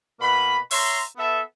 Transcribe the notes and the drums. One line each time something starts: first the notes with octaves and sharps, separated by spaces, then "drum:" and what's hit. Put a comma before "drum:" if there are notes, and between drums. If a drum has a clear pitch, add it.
B2 A#3 B4 B5
C#5 E5 A#5 C6, drum: open hi-hat
B3 A4 E5